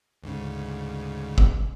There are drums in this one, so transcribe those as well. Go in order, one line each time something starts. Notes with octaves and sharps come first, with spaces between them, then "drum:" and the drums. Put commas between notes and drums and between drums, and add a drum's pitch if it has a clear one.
D2 G#2 C#3
drum: kick